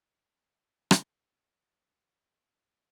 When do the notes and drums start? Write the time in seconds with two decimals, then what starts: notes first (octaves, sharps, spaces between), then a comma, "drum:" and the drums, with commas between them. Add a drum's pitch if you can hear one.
0.91 drum: rim click
1.69 C#6
2.11 G#4
2.28 A6
2.65 D#4